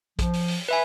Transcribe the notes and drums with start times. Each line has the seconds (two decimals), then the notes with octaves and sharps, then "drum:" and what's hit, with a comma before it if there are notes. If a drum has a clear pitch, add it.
0.19 F3, drum: kick A#1, hi-hat
0.33 drum: open hi-hat
0.48 drum: open hi-hat
0.69 B4 E5 G#5 B5